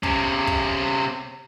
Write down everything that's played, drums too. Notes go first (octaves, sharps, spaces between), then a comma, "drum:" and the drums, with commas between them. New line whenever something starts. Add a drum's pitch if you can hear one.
C3 C#4, drum: kick
drum: kick